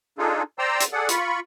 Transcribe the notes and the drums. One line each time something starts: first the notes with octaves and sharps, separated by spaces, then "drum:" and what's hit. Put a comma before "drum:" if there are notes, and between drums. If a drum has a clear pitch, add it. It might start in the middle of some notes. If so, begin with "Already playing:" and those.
D4 D#4 F4 G#4 A4
C5 D5 G5 A#5 C6 E6
drum: hi-hat
G#4 A4 D5 F#5
F4 B5 C#6, drum: hi-hat